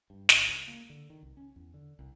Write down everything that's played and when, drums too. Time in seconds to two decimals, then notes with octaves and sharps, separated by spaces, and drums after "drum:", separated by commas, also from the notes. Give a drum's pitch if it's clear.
0.10 G2
0.29 G1, drum: snare
0.46 C#2
0.67 A#3
0.90 D3
1.10 D#3
1.23 C2
1.37 C#4
1.56 E2
1.74 D3
1.99 C2